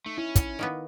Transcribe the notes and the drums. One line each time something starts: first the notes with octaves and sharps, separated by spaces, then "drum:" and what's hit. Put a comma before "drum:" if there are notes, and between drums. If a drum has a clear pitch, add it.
A3 D#4
C#4 E4
drum: kick, hi-hat
D#3 A#3 B3